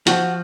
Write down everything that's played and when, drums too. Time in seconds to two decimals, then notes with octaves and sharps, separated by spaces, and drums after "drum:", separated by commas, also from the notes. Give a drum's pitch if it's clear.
0.07 F3 F#4, drum: hi-hat